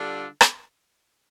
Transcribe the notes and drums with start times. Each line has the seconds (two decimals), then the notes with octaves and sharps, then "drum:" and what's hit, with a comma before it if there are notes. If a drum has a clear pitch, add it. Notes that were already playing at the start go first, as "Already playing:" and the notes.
Already playing: D3 G3 D4 F4 A4
0.41 drum: rim click